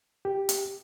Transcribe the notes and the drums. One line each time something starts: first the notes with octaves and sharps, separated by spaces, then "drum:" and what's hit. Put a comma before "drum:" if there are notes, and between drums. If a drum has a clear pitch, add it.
G4
drum: hi-hat